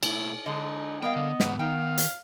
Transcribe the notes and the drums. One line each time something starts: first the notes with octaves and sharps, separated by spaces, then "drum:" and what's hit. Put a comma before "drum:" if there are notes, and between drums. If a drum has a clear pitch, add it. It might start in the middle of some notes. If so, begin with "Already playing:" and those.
B2 A3 E4, drum: cymbal
D3 G#3 D4 D#5
G3 A#3 B3 D#5 F5 G5
D3
E2 G#2 B4 F#5, drum: snare
D#3 D#4 F5 G5
drum: hi-hat